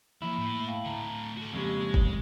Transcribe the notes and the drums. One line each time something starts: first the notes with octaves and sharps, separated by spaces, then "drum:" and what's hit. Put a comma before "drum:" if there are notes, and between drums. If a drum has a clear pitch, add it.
C2 F2 A#3 E4 E5
A2
F5 G5 A5
A2 D3 A5 A#5
F#4 A4
F2 C#3 G#3 A#3 G4
drum: kick